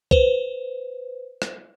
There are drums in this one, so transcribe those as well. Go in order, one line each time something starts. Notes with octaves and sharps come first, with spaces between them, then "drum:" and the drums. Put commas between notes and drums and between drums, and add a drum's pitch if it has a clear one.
B4 C5, drum: kick
drum: rim click